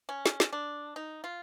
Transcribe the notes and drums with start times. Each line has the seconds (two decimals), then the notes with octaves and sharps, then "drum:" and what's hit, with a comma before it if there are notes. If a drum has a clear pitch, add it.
0.09 C#4
0.26 drum: snare
0.40 drum: snare
0.53 D4
0.96 D#4
1.24 F4